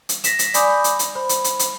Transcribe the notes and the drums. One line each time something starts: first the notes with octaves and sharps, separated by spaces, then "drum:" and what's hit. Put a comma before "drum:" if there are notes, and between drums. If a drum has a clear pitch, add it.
drum: hi-hat
A#6 B6 E7, drum: hi-hat
drum: hi-hat
D5 G#5 B5 D6 D#6 G6, drum: hi-hat
drum: hi-hat
drum: hi-hat
C5 B5
drum: hi-hat
drum: hi-hat
drum: hi-hat